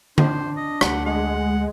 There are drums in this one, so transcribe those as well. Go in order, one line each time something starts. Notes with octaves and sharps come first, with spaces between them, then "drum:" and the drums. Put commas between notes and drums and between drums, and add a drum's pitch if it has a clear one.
D4 C5, drum: tom D3
D#5
D2 F#5, drum: rim click
G#3 F#5